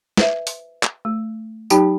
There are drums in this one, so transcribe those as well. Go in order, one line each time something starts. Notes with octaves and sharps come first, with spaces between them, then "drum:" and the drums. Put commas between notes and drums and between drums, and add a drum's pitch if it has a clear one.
B4 C5 E5, drum: snare
drum: open hi-hat
drum: clap
A3
F#3 D#4 G4 G5 A5 B5, drum: tambourine